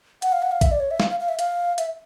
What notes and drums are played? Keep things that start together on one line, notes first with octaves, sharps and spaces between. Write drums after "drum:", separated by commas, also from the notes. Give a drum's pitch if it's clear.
F#5, drum: hi-hat
F5
F#5
F5
E5, drum: kick A#1, hi-hat
D5
C#5
E5
F5, drum: snare
F5
F5
E5
F5, drum: hi-hat
E5, drum: hi-hat